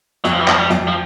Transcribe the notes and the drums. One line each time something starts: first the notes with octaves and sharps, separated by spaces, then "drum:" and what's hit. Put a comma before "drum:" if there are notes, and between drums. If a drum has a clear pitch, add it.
F2 F#3, drum: hi-hat
F3
E3
F2 F3, drum: clap
G3
F2, drum: hi-hat
F3